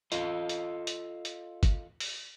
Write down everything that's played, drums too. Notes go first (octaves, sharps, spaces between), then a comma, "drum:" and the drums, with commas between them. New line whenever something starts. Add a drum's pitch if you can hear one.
F4 A4 D#5, drum: hi-hat
drum: hi-hat
drum: hi-hat
drum: hi-hat
drum: kick, hi-hat
drum: open hi-hat